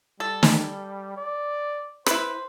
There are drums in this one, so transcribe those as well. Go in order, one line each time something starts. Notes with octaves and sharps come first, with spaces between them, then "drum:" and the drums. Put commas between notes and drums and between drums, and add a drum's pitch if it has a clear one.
G3 A4
drum: snare
D5
E4 B4 C5, drum: rim click